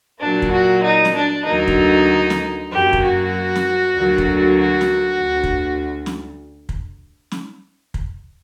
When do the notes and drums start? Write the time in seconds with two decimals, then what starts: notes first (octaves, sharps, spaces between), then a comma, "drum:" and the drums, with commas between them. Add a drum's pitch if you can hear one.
0.21 A#2 F#3 A#3 D4
0.42 drum: kick
0.53 F#4
0.84 D#4
1.05 drum: snare
1.15 D4
1.46 D2 D3 F#3 A#3 D#4
1.68 drum: kick
2.30 drum: snare
2.72 F#2 F#3 A#3 G4
2.93 drum: kick
3.03 F#4
3.56 drum: snare
3.97 D2 D3 F#3 A#3
4.18 drum: kick
4.60 F#4
4.81 drum: snare
5.22 D2
5.44 drum: kick
6.06 drum: snare
6.69 drum: kick
7.32 drum: snare
7.94 drum: kick